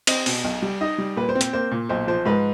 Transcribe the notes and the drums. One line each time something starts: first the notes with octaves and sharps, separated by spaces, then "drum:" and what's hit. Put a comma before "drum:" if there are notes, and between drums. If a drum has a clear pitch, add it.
C4 D#5, drum: cymbal
B2, drum: open hi-hat
B1
G3
D#4 D#5
G3
A#2 B4
C5
C4
C5, drum: hi-hat
A#3 C5
A#2
B1 C5
F3 C5
G#2 B4